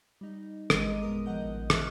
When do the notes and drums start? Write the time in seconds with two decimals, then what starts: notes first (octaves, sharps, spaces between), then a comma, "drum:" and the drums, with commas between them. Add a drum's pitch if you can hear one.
0.21 G3 D#4
0.70 G#1 G#3 A#4 D#5 D6 D#7, drum: rim click
1.02 A#1 F2 G#3 B3 A#4 D#6
1.26 D#3 F3 D#5 F#5 G6
1.45 A1
1.70 E5 C#6 D6 F6 F#6, drum: rim click